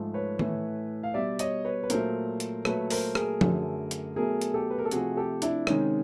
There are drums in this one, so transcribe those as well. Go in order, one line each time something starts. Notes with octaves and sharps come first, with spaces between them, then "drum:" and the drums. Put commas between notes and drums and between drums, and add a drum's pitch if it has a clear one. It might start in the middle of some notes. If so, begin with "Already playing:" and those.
Already playing: G#2 F3 A3
B4 C#5
A2 E3 A3, drum: tom D#3
F5
B2 G3 D5 E5
C#5 D#5, drum: hi-hat
B4 C#5
B4
A#2 F#3 A3 A#4 C5, drum: hi-hat
drum: hi-hat
A#2 F#3 A3 B4 C#5, drum: rim click
A#4 C5, drum: open hi-hat
G#4 A#4, drum: rim click
F#2 D3 F#3 A3, drum: tom F3
drum: hi-hat
B2 F#3 A3 G#4 A#4
drum: hi-hat
G4 A4
B4
A#4
A4
C3 F3 A3 F#4 G#4, drum: hi-hat
G4 A4
D4 E4, drum: hi-hat
C3 D#3 G#3 C#4 D#4, drum: rim click